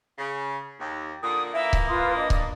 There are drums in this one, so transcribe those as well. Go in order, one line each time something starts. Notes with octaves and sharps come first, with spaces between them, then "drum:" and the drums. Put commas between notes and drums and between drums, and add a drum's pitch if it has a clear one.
C#3
D#2
A#2 D3 D#6
A#2 E3 A#3 E5
drum: kick C#1
F4 B4 C6 D#6
D4 D5 D#5
drum: kick C#1